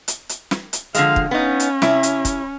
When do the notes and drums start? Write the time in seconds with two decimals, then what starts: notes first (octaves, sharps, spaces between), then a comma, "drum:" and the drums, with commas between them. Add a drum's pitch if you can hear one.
0.08 drum: hi-hat
0.29 drum: hi-hat
0.51 drum: snare
0.73 drum: hi-hat
0.94 D3 F3 G#3 F5, drum: hi-hat
1.16 drum: kick
1.31 B3 C#4 D#4
1.60 drum: hi-hat
1.82 C3 E4, drum: snare
2.03 drum: hi-hat
2.25 drum: kick, hi-hat